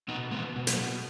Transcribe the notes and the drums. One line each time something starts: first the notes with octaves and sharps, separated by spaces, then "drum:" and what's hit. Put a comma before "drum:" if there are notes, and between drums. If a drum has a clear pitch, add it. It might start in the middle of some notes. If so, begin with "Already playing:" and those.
B2 B3 D#4
B2 G#3 B3
B2
F#3 A#3, drum: hi-hat
B2